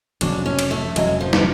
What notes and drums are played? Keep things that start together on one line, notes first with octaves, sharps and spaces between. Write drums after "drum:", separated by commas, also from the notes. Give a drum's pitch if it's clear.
F1 F2 C#3 F#3 D4, drum: cymbal
C#4
drum: cymbal
A3
F1 F2 C#3 F#3 G#3, drum: cymbal
F3
drum: snare